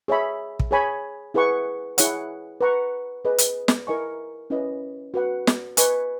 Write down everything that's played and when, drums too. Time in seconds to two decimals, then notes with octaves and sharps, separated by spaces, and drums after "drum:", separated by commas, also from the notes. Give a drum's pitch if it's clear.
0.08 G#4 C#5 E5 B5
0.60 drum: kick
0.71 G#4 C#5 G#5 B5
1.34 E4 G#4 B4 F#5 C#6
1.98 E4 G#4 C#5 F#5, drum: hi-hat
2.61 B4 F#5 A#5 C#6
3.25 G#4 B4 D#5
3.38 drum: hi-hat
3.68 drum: snare
3.87 E4 A#4 D#5 G#5 C#6
4.50 C#4 E4 B4 D#5
5.14 F#4 B4 F#5
5.47 drum: snare
5.77 B4 D#5 G#5 C#6, drum: hi-hat